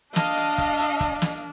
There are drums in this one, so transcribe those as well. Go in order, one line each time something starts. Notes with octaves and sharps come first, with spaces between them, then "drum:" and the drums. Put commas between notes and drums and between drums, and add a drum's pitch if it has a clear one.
D4 D#5 F5 A5, drum: snare
drum: hi-hat
drum: kick, hi-hat
drum: hi-hat
drum: kick, hi-hat
drum: snare